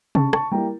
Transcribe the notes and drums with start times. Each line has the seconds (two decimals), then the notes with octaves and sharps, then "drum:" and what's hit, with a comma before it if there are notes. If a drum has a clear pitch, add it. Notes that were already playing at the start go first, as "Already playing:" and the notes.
0.15 C#3 A5 C#6, drum: tom C3
0.33 A5 C#6, drum: rim click
0.51 G3 A#3 E4 G5 A#5